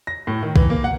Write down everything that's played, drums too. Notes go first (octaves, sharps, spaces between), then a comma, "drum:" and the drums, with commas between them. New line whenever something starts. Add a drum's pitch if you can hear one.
A#6
A2
D#3
E3, drum: kick B1
A#3
F#5